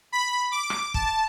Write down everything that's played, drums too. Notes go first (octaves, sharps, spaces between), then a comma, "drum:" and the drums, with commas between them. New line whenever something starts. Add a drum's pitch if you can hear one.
B5
D6
drum: rim click
A5, drum: kick